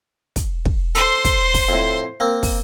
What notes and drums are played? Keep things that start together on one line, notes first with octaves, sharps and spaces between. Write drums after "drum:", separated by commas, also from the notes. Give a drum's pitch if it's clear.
drum: kick, hi-hat
drum: kick
A4 C5 C6, drum: hi-hat
drum: kick, hi-hat
drum: kick, open hi-hat
F2 A2
A#3 C4
drum: kick, open hi-hat